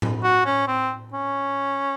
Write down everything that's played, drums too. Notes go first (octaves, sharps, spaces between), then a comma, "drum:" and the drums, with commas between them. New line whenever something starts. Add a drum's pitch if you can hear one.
drum: tom A2
F#4
C#4
C4
C#4